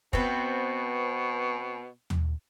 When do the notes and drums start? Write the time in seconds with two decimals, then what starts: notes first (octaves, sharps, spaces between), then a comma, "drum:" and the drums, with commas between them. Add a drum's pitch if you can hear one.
0.13 B2 B3 C4, drum: kick
2.10 drum: tom D#2